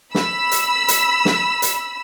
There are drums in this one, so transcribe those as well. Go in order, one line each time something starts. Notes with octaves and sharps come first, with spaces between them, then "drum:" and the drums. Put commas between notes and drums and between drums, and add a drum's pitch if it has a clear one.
B5 E6, drum: snare
drum: hi-hat
drum: hi-hat
drum: snare
drum: hi-hat